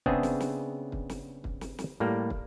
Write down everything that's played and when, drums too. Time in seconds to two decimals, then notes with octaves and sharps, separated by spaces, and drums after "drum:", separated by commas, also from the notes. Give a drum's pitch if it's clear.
0.06 C#3 B3 C4 D4 G#4 E5, drum: kick
0.23 drum: snare
0.40 drum: snare
0.92 drum: kick
1.09 drum: snare
1.44 drum: kick
1.61 drum: snare
1.79 drum: snare
2.00 A2 G3 A#3
2.30 drum: kick